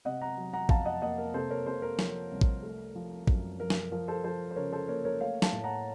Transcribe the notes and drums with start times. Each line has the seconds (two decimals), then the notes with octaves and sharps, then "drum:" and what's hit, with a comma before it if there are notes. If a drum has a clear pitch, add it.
0.05 C3 D#5 F#5
0.21 F#5 A#5
0.37 F#3
0.53 F#5 A#5
0.69 F2 F5 A5, drum: kick A1
0.85 D#5 F#5
1.02 A#3 D#5 F#5
1.18 A#4
1.34 C3 A4 C5
1.50 A#4 C#5
1.66 C3 A4 C5
1.82 A#4
1.99 F3, drum: snare
2.31 C2
2.41 drum: kick A1
2.63 A3
2.95 F3
3.27 F#2, drum: kick A1
3.59 F3 A#4
3.70 drum: snare
3.92 F3 A#4
4.08 A4 C5
4.24 F3 A4 C5
4.51 C5
4.56 C#3 A#4 C#5
4.72 A4 C5
4.88 A#3 A#4 C#5
5.05 A#4 C#5
5.21 A3 C#5 F5
5.42 F5 A5, drum: snare
5.53 A2
5.64 F#5 A#5